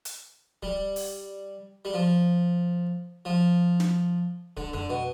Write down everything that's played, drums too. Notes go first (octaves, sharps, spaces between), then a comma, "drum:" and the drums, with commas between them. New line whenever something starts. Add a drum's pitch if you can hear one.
drum: hi-hat
G3, drum: kick D1
drum: open hi-hat
G3
F3
F3
drum: snare
D3, drum: kick D1
D3, drum: tom F2
B2